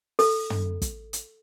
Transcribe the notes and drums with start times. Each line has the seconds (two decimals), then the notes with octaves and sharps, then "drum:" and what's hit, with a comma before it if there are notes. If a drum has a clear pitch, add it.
0.19 A4, drum: open hi-hat
0.50 drum: tom
0.82 drum: kick, hi-hat
1.13 drum: hi-hat